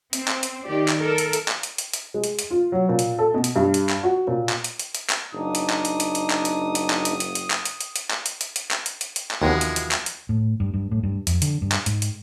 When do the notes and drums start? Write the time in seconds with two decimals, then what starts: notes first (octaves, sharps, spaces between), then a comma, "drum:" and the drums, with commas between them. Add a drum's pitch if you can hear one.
0.13 C4, drum: hi-hat
0.28 drum: clap
0.43 drum: hi-hat
0.66 D#3 G4 D5
0.88 drum: clap
0.98 A4 A#4
1.18 drum: hi-hat
1.33 drum: hi-hat
1.48 drum: clap
1.63 drum: hi-hat
1.78 drum: hi-hat
1.93 drum: hi-hat
2.14 G#3
2.24 drum: hi-hat
2.39 drum: hi-hat
2.51 F4
2.72 F#3
2.89 A#2
2.99 drum: hi-hat
3.19 A4
3.34 B2
3.44 drum: hi-hat
3.56 G2
3.74 drum: hi-hat
3.89 drum: clap
4.03 F#4
4.27 A#2
4.49 drum: clap
4.64 drum: hi-hat
4.79 drum: hi-hat
4.95 drum: hi-hat
5.10 drum: clap
5.33 F#1 D4 D#4 D#6
5.55 drum: hi-hat
5.70 drum: clap
5.85 drum: hi-hat
6.00 drum: hi-hat
6.15 drum: hi-hat
6.30 drum: clap
6.45 drum: hi-hat
6.75 drum: hi-hat
6.90 drum: clap
7.05 drum: hi-hat
7.20 drum: hi-hat
7.35 drum: hi-hat
7.50 drum: clap
7.65 drum: hi-hat
7.81 drum: hi-hat
7.96 drum: hi-hat
8.11 drum: clap
8.26 drum: hi-hat
8.41 drum: hi-hat
8.56 drum: hi-hat
8.71 drum: clap
8.86 drum: hi-hat
9.01 drum: hi-hat
9.16 drum: hi-hat
9.31 drum: clap
9.42 D#2 C3 E3 F3 G#3 B3 F#4
9.61 drum: hi-hat
9.76 drum: hi-hat
9.91 drum: clap
10.06 drum: hi-hat
10.29 A2
10.60 G2
10.74 G2
10.91 A2
11.03 G2
11.27 F2, drum: hi-hat
11.42 D3, drum: hi-hat
11.62 G2
11.72 drum: clap
11.86 G#2, drum: hi-hat
12.02 drum: hi-hat